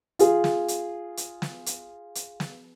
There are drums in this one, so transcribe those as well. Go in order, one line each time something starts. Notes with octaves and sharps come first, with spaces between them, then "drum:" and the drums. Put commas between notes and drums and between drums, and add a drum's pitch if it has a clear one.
F4 G#4, drum: hi-hat
drum: snare
drum: hi-hat
drum: hi-hat
drum: snare
drum: hi-hat
drum: hi-hat
drum: snare